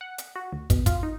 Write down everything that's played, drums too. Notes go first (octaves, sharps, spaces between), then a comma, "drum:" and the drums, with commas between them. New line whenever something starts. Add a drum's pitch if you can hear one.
F#5
drum: hi-hat
F#4
D2
B2, drum: kick, hi-hat
F4, drum: kick, hi-hat
D#4